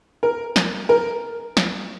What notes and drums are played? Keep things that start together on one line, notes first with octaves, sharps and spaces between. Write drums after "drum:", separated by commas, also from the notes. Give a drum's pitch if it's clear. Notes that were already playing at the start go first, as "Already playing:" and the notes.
A#4
drum: snare
A#4
drum: snare